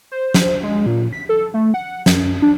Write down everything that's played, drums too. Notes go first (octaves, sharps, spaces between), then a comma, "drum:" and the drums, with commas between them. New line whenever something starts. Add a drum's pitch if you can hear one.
C5
drum: snare
G#3
A#2
B6
A4
A3
F#5
F#2, drum: snare
D4